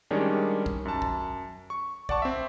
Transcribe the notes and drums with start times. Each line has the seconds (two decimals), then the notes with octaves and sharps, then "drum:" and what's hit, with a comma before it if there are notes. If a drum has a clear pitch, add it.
0.11 D#3 G3 G#3 C#4 D4
0.66 drum: kick
0.85 F#2 A5
1.02 drum: kick
1.70 C#6
2.09 D5 F#5 A5 C#6, drum: kick
2.22 C4 E5